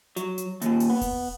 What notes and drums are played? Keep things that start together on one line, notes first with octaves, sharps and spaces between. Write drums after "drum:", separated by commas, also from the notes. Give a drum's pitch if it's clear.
F#3, drum: hi-hat
drum: hi-hat
D#2 A#2, drum: hi-hat
drum: open hi-hat
B3
drum: kick E1, open hi-hat